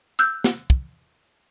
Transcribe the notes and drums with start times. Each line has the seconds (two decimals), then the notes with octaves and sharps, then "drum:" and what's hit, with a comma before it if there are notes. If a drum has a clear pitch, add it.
0.19 E6 F#6 G6
0.44 drum: snare
0.70 drum: kick